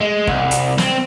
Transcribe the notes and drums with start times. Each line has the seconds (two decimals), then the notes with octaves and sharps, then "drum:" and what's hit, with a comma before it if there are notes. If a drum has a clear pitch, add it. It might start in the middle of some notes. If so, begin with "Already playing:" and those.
0.01 G#3
0.27 C2, drum: kick
0.51 drum: hi-hat
0.78 C4, drum: snare